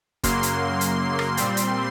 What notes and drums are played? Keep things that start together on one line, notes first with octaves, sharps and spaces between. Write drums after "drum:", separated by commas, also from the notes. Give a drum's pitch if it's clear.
F#2 C#3 F#3 A#3 C6, drum: kick F#1, hi-hat
drum: hi-hat
drum: hi-hat
drum: rim click
A#2 G3 C4, drum: hi-hat
drum: hi-hat